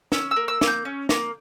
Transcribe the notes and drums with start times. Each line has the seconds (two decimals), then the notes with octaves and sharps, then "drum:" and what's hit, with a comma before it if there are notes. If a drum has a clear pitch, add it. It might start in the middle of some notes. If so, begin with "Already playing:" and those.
0.12 C#4 E6, drum: snare
0.31 E6
0.36 A#3
0.48 E6
0.61 A#3, drum: snare
0.67 G6
0.85 C#4
1.09 A#3, drum: snare